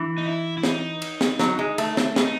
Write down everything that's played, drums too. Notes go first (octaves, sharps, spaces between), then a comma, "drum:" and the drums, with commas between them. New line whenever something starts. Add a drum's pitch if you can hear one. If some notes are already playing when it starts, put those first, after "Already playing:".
Already playing: E3
D#4
E4
E4
D#4, drum: snare
drum: cymbal
drum: snare
F#3, drum: snare
G#3
A3, drum: cymbal
A3, drum: snare
D#4, drum: snare